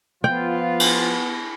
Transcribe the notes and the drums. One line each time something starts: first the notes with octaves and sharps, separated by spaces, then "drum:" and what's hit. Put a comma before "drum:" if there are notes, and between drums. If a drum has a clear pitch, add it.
F3 B3 F4 G5
drum: cymbal